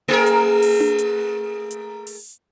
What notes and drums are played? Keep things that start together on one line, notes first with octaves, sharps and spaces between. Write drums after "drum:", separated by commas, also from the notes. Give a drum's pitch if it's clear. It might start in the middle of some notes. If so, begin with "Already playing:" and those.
A3 G#4 A#4
drum: hi-hat
drum: open hi-hat
drum: tom D4
drum: hi-hat
drum: hi-hat
drum: open hi-hat